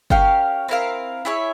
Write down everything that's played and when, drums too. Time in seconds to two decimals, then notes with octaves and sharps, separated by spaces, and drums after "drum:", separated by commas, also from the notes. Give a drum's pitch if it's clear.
0.10 C#4 G4 A#4 F5, drum: kick F#1
0.68 C4 E4 A#4 F5
1.25 E4 G#4 C#5 E5